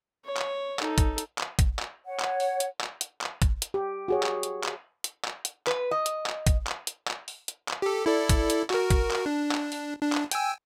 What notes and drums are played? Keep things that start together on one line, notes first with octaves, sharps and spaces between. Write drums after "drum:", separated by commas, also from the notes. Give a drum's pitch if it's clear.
C#5
drum: clap
D#4 A4, drum: clap
drum: kick, hi-hat
drum: hi-hat
drum: clap
drum: kick, hi-hat
drum: clap
C#5 F#5
drum: clap
drum: open hi-hat
drum: hi-hat
drum: clap
drum: hi-hat
drum: clap
drum: kick, hi-hat
drum: hi-hat
G4
F#4 G#4 C#5
drum: clap
drum: hi-hat
drum: clap
drum: hi-hat
drum: clap
drum: hi-hat
B4, drum: clap
D#5
drum: hi-hat
drum: clap
drum: kick, hi-hat
drum: clap
drum: hi-hat
drum: clap
drum: open hi-hat
drum: hi-hat
drum: clap
G4 A4
E4 A4 D5
drum: kick, hi-hat
drum: hi-hat
F#4 A#4, drum: clap
drum: kick, hi-hat
drum: clap
D4
drum: clap
drum: open hi-hat
D4
drum: clap
G5 G#5 E6, drum: hi-hat